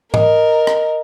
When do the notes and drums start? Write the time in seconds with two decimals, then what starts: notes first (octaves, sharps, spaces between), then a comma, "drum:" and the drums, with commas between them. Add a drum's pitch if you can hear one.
0.14 A#4 D#5, drum: tom G#2
0.67 drum: rim click